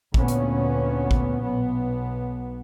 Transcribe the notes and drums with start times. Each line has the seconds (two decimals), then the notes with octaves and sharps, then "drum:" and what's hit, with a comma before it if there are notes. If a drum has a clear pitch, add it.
0.14 D2 A#2 B3 C#4, drum: kick
0.28 drum: hi-hat
1.11 drum: kick
1.43 B1 B3